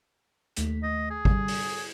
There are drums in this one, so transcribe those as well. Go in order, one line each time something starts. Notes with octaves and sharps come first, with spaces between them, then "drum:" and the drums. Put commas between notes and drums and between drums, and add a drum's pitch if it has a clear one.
D#2 A3 B6, drum: hi-hat
D#5
G#4
D3 G3, drum: kick G#1
drum: open hi-hat
G#6